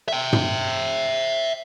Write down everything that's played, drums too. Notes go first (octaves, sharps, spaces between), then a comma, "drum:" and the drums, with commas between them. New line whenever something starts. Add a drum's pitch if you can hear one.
E5 G5
drum: tom